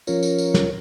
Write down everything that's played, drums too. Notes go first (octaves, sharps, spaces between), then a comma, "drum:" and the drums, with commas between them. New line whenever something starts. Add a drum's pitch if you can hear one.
F3 C#4 F4 A#4 C#5, drum: tambourine
drum: tambourine
drum: tambourine
drum: snare